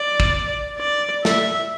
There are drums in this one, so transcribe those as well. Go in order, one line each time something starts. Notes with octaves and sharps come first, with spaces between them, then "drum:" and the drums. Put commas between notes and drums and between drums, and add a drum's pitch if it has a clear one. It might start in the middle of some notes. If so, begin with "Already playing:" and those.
Already playing: D5
drum: kick
D5
E5, drum: snare